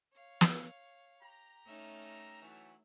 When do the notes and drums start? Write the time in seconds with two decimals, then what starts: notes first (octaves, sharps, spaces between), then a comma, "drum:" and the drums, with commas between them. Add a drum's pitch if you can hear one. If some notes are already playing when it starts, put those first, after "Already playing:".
0.13 C#5 F5
0.41 drum: snare
1.22 G4 A#5
1.66 A3 C#4 D#4 E5 F6
2.42 E3 F#3 A3